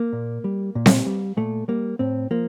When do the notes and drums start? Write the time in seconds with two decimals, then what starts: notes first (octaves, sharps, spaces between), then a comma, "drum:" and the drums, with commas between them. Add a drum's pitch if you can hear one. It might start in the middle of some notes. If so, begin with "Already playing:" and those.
Already playing: A#3
0.13 A#2
0.44 G3
0.75 A#2
0.86 drum: snare C4
1.06 G3
1.37 A#2 A3
1.68 G3 A#3
1.99 A2 C4
2.31 F3 A#3